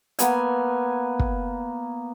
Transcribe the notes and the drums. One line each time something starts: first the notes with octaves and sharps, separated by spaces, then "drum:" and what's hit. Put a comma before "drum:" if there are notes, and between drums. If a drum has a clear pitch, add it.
A#3 B3 G#5, drum: hi-hat
drum: kick